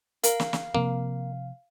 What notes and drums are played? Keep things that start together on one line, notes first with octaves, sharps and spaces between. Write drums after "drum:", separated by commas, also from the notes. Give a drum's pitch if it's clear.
A#4 F5, drum: hi-hat
drum: snare
drum: snare
C3 F3 A#3 C4